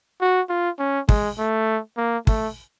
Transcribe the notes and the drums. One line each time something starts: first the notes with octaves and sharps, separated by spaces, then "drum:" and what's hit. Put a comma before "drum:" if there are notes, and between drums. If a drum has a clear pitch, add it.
F#4
F4
C#4
G#3, drum: kick
A3
A#3
A3, drum: kick